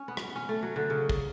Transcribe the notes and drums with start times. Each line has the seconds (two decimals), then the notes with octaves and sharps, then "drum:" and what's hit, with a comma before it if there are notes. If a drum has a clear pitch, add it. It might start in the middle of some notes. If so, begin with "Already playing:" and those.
Already playing: C#4
0.08 B3
0.17 drum: rim click
0.35 C#4
0.49 A3
0.63 F#3
0.76 D3
0.90 C#3
1.09 drum: kick